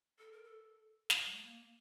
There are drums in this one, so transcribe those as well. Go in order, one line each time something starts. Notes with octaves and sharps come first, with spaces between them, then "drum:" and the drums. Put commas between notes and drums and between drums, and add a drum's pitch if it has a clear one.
A4
A#4
A4
drum: snare
G3
A3
A#3